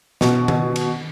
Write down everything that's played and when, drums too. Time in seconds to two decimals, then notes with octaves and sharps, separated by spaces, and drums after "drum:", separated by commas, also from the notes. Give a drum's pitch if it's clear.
0.21 B2, drum: snare
0.48 drum: tom D#3
0.76 drum: cymbal